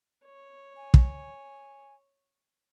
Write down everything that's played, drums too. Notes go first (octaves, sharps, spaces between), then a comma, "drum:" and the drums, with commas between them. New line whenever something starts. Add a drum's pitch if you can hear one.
C#5
G#5
drum: kick